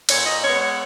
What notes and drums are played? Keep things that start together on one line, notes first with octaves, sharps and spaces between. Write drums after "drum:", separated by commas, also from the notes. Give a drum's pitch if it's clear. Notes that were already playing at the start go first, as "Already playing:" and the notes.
A#2 C#5, drum: cymbal
D#5
G#3 B3 C#5
C#5